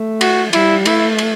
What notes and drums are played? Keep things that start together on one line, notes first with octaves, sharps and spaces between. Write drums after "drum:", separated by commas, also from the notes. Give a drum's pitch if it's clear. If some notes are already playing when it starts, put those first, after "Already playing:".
Already playing: A3
F#4, drum: cymbal
G3 E4, drum: cymbal
A3 E4, drum: cymbal
drum: cymbal